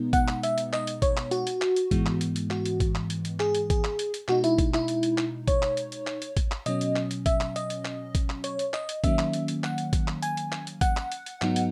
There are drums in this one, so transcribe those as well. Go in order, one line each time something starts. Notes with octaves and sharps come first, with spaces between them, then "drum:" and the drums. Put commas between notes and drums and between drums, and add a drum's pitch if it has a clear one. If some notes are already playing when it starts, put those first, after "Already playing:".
Already playing: B2 G#3 B3 D#4
F#5, drum: kick, hi-hat
drum: clap
E5, drum: hi-hat
drum: hi-hat
D#5, drum: clap
drum: hi-hat
C#5, drum: kick, hi-hat
drum: clap
F#4, drum: hi-hat
drum: hi-hat
drum: clap
drum: hi-hat
G#2 E3 G#3 B3, drum: kick, hi-hat
drum: clap
drum: hi-hat
drum: hi-hat
F#4, drum: clap
drum: hi-hat
drum: kick, hi-hat
drum: clap
drum: hi-hat
drum: hi-hat
G#4, drum: clap
drum: hi-hat
G#4, drum: kick, hi-hat
drum: clap
drum: hi-hat
drum: hi-hat
B2 G#3 D#4 F#4, drum: clap
E4, drum: hi-hat
drum: kick, hi-hat
E4, drum: clap
drum: hi-hat
drum: hi-hat
drum: clap
C#5, drum: kick, hi-hat
drum: clap
drum: hi-hat
drum: hi-hat
drum: clap
drum: hi-hat
drum: kick, hi-hat
drum: clap
B2 F#3 C#4 D#5, drum: hi-hat
drum: hi-hat
drum: clap
drum: hi-hat
E5, drum: kick, hi-hat
drum: clap
D#5, drum: hi-hat
drum: hi-hat
drum: clap
drum: kick, hi-hat
drum: clap
C#5, drum: hi-hat
drum: hi-hat
D#5, drum: clap
drum: hi-hat
D#3 F#3 A#3 C#4 E5, drum: kick, hi-hat
drum: clap
drum: hi-hat
drum: hi-hat
F#5, drum: clap
drum: hi-hat
drum: kick, hi-hat
drum: clap
G#5, drum: hi-hat
drum: hi-hat
drum: clap
drum: hi-hat
F#5, drum: kick, hi-hat
drum: clap
drum: hi-hat
drum: hi-hat
G#2 F#3 B3 D#4, drum: clap
drum: hi-hat